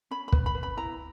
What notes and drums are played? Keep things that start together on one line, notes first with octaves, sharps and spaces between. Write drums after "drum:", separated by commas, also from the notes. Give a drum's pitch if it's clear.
C#4 B5
B5
B4, drum: kick
B5
B4
B5
E4 A#5